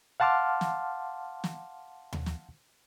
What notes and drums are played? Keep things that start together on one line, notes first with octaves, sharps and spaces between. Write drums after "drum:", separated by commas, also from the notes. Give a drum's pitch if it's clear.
F5 F#5 A5 C6 D6 F6
drum: snare
drum: snare
drum: tom D#2
drum: snare